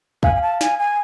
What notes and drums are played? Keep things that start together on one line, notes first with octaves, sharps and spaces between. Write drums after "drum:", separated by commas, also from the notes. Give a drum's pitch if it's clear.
F5 G#5, drum: kick
G#5
A5
G#5, drum: snare
G#5